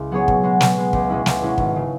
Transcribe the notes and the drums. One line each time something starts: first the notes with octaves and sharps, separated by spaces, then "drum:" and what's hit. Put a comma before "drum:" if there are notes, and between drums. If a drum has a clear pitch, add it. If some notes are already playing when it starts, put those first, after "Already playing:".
Already playing: C#2 E4
F#3 B3 G#4 C#5
B2, drum: kick
G#3 B3
B2, drum: snare
G#3 B3
C#2, drum: kick
B2 G#3 C#4 E4
C#2, drum: snare
B2 G#3 C#4 E4
G#1, drum: kick
C#3